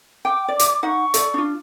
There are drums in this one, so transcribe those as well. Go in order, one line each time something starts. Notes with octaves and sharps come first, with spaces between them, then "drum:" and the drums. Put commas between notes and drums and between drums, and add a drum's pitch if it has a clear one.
G5 D6
D5
drum: hi-hat
D#4 F#5 C#6
A4 D5, drum: hi-hat
D4 F4